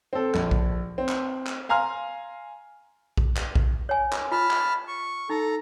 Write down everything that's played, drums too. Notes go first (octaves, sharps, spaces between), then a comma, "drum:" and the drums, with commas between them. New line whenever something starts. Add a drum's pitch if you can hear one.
C4 A4
A#1, drum: clap
drum: kick A#1
C4
drum: clap
drum: clap
F5 G#5 A#5 C6 F6
drum: kick A#1
drum: clap
drum: kick A#1
C#5 G#5
drum: clap
F4 A5 B5 F6
drum: clap
C#6
D#4 A4 A#5